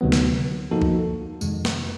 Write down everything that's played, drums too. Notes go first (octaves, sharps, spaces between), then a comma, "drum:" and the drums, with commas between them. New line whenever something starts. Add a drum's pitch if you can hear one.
D2 C3 D#3 F#3 B3
drum: snare
F3 A#3 D#4 F#4 A4
drum: kick
F2 C3 D#3 G#3, drum: tambourine
drum: snare